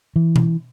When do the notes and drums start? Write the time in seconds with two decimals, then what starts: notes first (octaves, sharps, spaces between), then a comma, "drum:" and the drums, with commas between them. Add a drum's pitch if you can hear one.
0.16 E3
0.36 drum: tom B2